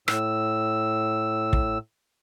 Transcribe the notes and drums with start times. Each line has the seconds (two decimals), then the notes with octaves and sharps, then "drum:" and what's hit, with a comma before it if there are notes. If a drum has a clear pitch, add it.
0.08 A2 E6, drum: rim click
1.53 drum: kick